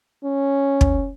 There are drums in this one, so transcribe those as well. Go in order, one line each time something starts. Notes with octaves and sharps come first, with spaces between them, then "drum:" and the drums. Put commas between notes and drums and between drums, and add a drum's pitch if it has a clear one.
C#4
drum: kick